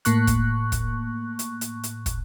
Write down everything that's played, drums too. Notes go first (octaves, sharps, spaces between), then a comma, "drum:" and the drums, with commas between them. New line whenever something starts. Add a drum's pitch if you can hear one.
A2 A#3 C#6 F#6, drum: hi-hat
drum: kick, hi-hat
drum: kick, hi-hat
drum: hi-hat
drum: hi-hat
drum: hi-hat
drum: kick, hi-hat